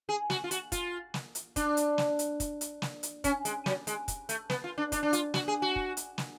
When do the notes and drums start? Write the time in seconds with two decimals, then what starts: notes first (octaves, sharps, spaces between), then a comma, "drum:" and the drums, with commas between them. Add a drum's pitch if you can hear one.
0.09 G#4
0.30 F#4, drum: snare
0.44 F4
0.51 F#4, drum: hi-hat
0.72 F4, drum: kick, hi-hat
1.14 drum: snare
1.35 drum: hi-hat
1.56 D4, drum: kick, hi-hat
1.77 drum: hi-hat
1.98 drum: snare
2.19 drum: hi-hat
2.40 drum: kick, hi-hat
2.61 drum: hi-hat
2.82 drum: snare
3.03 drum: hi-hat
3.24 C#4, drum: kick, hi-hat
3.45 G#3, drum: hi-hat
3.66 F#3, drum: snare
3.87 G#3, drum: hi-hat
4.08 drum: kick, hi-hat
4.29 A3, drum: hi-hat
4.50 B3, drum: snare
4.64 F4
4.78 D4
4.92 D4, drum: kick, hi-hat
5.03 D4
5.13 F4, drum: hi-hat
5.34 F#4, drum: snare
5.48 G#4
5.62 F#4
5.76 drum: kick
5.97 drum: hi-hat
6.18 drum: snare